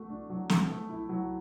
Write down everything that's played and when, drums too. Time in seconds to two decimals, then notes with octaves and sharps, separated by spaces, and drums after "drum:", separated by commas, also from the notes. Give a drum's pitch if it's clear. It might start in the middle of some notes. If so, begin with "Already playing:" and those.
Already playing: A3 F#4
0.10 D4
0.30 F#3
0.49 A4, drum: snare
0.69 A3
0.89 E4
1.09 F#3